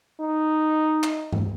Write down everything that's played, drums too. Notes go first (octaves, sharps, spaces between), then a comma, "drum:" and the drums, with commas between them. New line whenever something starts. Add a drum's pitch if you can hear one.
D#4
drum: clap
drum: tom G2